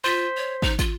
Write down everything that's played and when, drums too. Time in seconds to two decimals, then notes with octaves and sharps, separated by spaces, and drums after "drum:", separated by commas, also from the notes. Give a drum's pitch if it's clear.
0.04 F4 C5 B6
0.37 C#5
0.62 D#4, drum: kick
0.79 F4, drum: kick, tambourine